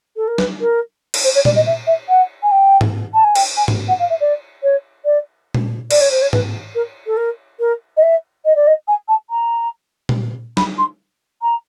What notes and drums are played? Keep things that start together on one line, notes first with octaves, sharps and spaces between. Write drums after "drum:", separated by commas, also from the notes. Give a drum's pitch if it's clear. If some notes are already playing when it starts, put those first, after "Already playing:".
A4
A#4
B4, drum: snare
A#4
drum: cymbal
C5
C#5
D5, drum: tom A#2
D#5
E5
E5
F#5
G#5
G5
drum: tom G#2
A5
G#5
G5, drum: cymbal
G#5
drum: tom G#2
F#5
F5
E5
D5
C#5
D5
drum: tom A#2
D5, drum: cymbal
C#5
C5
C#5
B4, drum: tom G#2
A#4
A4
A#4
A#4
D#5
E5
D#5
D5
D#5
G#5
A5
A#5
drum: tom A#2
B5, drum: snare
C6
A#5